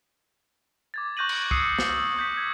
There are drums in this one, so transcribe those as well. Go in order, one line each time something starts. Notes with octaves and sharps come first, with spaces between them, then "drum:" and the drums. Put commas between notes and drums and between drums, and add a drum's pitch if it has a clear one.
D6 G#6 A6
C#6 F#6 G6 A#6 D#7 F#7
drum: cymbal
D#6 E6 C7 C#7 D#7, drum: kick
drum: snare
E6
C#6 G6 B6
G#6